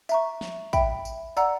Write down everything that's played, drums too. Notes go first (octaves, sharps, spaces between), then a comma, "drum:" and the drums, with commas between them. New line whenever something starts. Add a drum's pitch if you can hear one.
E5 A#5 C#6, drum: tambourine
drum: snare
E5 G5 B5, drum: kick, tambourine
drum: tambourine
D5 F#5 A#5 E6, drum: tambourine